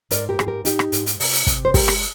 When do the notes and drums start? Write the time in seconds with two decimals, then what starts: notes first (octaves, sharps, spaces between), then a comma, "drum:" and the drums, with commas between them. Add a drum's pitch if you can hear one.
0.11 G#2 A#4 D5, drum: hi-hat
0.29 G4 A#4
0.39 G#2 G#4, drum: rim click
0.47 G4 A#4
0.65 G#2 D#4 G4, drum: hi-hat
0.79 drum: rim click
0.92 G#2, drum: hi-hat
1.06 drum: hi-hat
1.20 C3, drum: open hi-hat
1.33 drum: hi-hat
1.47 C3, drum: kick, hi-hat
1.65 C5
1.74 G#3 G4 A#4, drum: kick, open hi-hat
1.88 drum: rim click